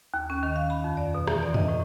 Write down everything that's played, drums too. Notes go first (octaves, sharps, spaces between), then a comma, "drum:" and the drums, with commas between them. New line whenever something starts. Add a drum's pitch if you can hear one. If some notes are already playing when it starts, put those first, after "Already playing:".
D#2
C#4
D#3
F5
B5
F2
D5
B2
E3, drum: rim click
D5
D#5, drum: tom F2
A2